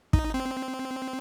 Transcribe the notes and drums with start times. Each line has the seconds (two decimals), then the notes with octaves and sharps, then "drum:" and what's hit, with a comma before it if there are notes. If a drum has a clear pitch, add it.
0.13 D#4, drum: kick
0.34 C4